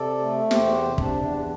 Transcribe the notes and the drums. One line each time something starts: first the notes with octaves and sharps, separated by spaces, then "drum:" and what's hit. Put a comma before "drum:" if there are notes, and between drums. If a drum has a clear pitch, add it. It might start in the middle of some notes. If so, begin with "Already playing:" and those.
Already playing: C3 A4 D5
A3
E2 G4 C5, drum: snare
C3
D4, drum: kick
E2